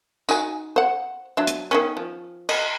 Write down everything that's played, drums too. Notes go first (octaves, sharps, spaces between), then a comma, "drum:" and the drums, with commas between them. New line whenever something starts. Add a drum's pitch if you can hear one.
D#4 F#4 G#5, drum: tambourine
C5 F#5
F#3 D4 E5
drum: hi-hat
D#3 B3 C#4
F3
D#5, drum: cymbal